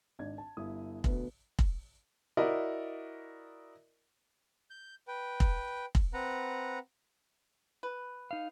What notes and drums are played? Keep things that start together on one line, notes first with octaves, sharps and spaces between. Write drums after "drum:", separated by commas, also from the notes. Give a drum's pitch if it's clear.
G#1 D4 D#4 G#6
A5
G1 E4 D#6
D2 B2 B3, drum: kick
drum: kick
E4 F#4 A#4 D5 D#5
G6
B4 G5
drum: kick
drum: kick
C4 B4 F#5 A#5
B4
D#4 F5